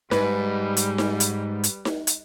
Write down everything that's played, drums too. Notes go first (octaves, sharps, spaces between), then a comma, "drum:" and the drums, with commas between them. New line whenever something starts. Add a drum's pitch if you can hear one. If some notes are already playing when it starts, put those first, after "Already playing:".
G#2 G3 B4, drum: snare D#4
drum: hi-hat
drum: snare D#4
drum: hi-hat
drum: hi-hat
drum: snare D#4
drum: hi-hat